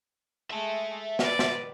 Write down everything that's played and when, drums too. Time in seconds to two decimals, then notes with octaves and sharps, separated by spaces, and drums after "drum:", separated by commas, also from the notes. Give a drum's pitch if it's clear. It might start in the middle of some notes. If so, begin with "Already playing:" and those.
0.50 G#3 E5 A5
1.19 B4 D5, drum: snare
1.39 drum: snare